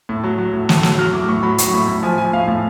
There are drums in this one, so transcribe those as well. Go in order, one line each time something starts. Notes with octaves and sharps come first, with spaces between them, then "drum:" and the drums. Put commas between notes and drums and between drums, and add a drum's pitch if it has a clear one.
A2
F#3
F#3
A2
A2, drum: snare
F#3, drum: snare
F#3 F6
A2 D6
A2 C#6
F#3 B5
F#3 C#6, drum: hi-hat
A2 B5
A2 B5
F3 G#5
F3 G#5
A2 F5
A2 F5